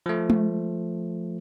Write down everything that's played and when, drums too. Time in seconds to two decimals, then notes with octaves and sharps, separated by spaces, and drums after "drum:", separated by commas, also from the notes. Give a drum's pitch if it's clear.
0.06 F3 A3
0.30 drum: tom G#3